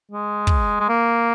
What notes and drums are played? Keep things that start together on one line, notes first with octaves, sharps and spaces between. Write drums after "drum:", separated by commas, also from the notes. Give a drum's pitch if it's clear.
G#3
drum: kick
G#3
A#3